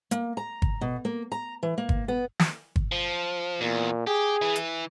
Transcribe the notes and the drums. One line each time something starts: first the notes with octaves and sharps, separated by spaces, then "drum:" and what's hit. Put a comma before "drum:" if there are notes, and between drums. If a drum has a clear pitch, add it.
A#3, drum: hi-hat
A#5
drum: kick
B2
A#3
A#5
E3
A#3
drum: kick
B3
drum: snare
drum: kick
F3
E2 A#2
G4 G#4
E3 E4
drum: hi-hat